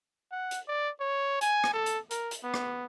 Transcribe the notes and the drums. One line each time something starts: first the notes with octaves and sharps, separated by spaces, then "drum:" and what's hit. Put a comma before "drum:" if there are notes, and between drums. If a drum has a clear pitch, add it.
F#5
drum: hi-hat
D5
C#5
G#5, drum: hi-hat
drum: rim click
A4
drum: hi-hat
A#4, drum: hi-hat
drum: hi-hat
B3
drum: rim click